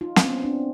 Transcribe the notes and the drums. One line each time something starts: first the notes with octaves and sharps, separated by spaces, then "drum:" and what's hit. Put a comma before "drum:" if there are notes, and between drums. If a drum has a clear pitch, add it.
D#4 F4
C4, drum: snare
B3 C#4
C4 D4